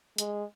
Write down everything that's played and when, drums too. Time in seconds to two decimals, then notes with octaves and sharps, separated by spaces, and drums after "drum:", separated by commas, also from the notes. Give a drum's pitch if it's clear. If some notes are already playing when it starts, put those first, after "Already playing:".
0.18 G#3, drum: hi-hat